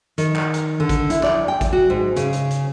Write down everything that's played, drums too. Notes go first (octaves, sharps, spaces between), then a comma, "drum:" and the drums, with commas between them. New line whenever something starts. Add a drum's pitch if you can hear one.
D#3, drum: hi-hat
drum: clap
drum: hi-hat
D3
drum: kick, hi-hat
E4, drum: hi-hat
D5, drum: clap
G5
drum: kick, hi-hat
F#4
G#2
C#3, drum: hi-hat
drum: hi-hat
drum: hi-hat